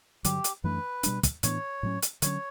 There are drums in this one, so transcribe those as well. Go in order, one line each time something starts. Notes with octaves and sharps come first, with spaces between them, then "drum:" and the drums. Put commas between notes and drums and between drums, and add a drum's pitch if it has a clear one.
G2 D3 F#3 G4, drum: hi-hat
drum: hi-hat
F#2 E3 A3 D4 B4
B2 G3 D4, drum: hi-hat
drum: kick, hi-hat
A2 E3 B3 D4 C#5, drum: hi-hat
A2 F#3 C#4
drum: hi-hat
D3 F#3 C#4 C#5, drum: hi-hat